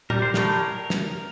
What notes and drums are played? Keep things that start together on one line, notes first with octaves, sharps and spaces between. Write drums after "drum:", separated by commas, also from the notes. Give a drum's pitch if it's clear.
G3 A#4, drum: tom
C5
A2 A#4, drum: snare
drum: snare